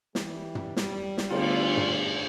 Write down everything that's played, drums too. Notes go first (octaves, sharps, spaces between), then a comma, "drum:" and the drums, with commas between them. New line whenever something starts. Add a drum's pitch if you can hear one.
E3 G3, drum: snare
drum: tom
G3, drum: snare
drum: snare
D3 A3 B3 F4, drum: cymbal
drum: tom